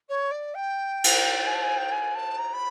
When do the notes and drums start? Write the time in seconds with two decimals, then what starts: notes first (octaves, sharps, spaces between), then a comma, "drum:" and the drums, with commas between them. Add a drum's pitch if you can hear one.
0.09 C#5
0.31 D5
0.54 G5
1.04 drum: cymbal
1.46 G#5
1.54 A5
1.62 G#5
1.77 G5
1.91 G#5
2.15 A5
2.38 A#5
2.53 B5